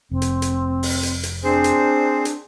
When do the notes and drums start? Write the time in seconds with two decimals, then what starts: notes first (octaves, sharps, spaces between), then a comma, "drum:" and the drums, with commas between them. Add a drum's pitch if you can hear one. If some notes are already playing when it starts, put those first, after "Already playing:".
0.11 F1 C4
0.22 drum: hi-hat
0.42 drum: hi-hat
0.83 drum: open hi-hat
1.03 drum: hi-hat
1.23 drum: hi-hat
1.44 C4 D4 G#4 C5
1.64 drum: hi-hat
2.25 drum: hi-hat